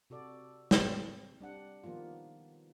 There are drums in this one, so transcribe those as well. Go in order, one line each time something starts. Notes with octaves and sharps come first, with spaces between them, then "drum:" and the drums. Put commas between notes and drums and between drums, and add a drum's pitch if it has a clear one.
C3 F#4 A4 D5
C4, drum: snare
G3 D4 F#5
D#3 F3 A#3 B3 F4